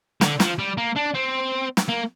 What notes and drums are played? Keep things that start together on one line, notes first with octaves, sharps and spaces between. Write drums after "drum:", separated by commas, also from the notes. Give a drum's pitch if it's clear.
D3, drum: snare
F3, drum: snare
G3
A#3
D4
C4
drum: snare
A#3